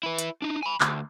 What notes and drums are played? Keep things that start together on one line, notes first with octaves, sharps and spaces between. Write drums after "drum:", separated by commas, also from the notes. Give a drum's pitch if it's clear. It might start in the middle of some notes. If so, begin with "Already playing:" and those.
E4 B4
drum: hi-hat
D4 D#4
G#5 B5
D2, drum: clap